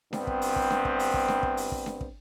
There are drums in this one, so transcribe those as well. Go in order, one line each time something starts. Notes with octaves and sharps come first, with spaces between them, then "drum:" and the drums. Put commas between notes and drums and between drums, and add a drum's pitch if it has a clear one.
C2 G2 B3 C4, drum: snare D4
drum: kick
drum: open hi-hat
drum: kick
drum: snare D4
drum: kick
drum: open hi-hat
drum: kick
drum: snare D4
drum: kick
drum: open hi-hat
drum: kick
drum: snare D4
drum: kick